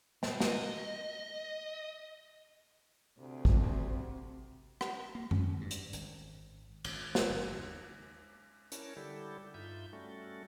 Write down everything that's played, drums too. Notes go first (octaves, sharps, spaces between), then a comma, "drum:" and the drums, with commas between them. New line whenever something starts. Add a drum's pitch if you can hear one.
B2, drum: snare
D#5, drum: snare
D2 C3
drum: kick
drum: rim click
A#3
C#4, drum: tom F#2
G2
drum: hi-hat
G#1, drum: hi-hat
G#1, drum: cymbal
drum: snare
F#1
D#2
C#4 E4 A#4 C#5 A5, drum: hi-hat
D3 G3 E4 G4 A4
G2 D#4 F4 E5 G6
G3 A3 C#4 F#4 A4